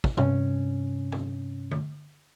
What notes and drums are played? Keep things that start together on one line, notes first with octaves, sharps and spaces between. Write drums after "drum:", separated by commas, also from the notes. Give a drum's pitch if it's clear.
drum: kick
G2 C3 C#4, drum: tom
drum: tom
drum: tom D3